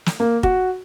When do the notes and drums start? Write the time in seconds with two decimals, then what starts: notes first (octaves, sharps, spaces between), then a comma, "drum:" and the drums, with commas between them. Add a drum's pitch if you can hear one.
0.06 drum: snare
0.20 A#3
0.43 F#4, drum: kick